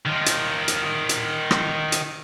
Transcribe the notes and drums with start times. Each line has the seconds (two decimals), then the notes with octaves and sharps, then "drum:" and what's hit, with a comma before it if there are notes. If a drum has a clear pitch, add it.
0.06 D#3 F4
0.26 drum: hi-hat
0.68 drum: hi-hat
1.09 drum: hi-hat
1.51 drum: rim click
1.92 drum: hi-hat